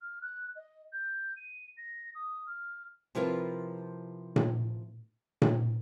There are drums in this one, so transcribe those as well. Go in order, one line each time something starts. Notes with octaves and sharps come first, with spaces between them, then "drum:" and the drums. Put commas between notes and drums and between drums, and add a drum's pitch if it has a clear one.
F6
F#6
D#5
G6
D#7
A#6
D#6
F6
C3 F3 E4 F4 A#4 B4
drum: tom A#2
drum: tom A#2